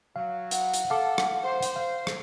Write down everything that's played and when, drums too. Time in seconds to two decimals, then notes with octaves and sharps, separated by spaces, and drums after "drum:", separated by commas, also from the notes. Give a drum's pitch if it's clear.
0.16 F#3 F5
0.51 F#5, drum: hi-hat
0.74 drum: hi-hat
0.90 A4 F5 A5 D6
1.18 drum: rim click
1.43 C5
1.62 drum: hi-hat
1.76 F5
2.07 drum: rim click